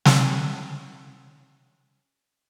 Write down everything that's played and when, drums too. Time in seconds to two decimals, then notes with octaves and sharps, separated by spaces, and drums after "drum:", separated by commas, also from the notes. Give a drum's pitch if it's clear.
0.05 C#4 D5 G5 G#5, drum: snare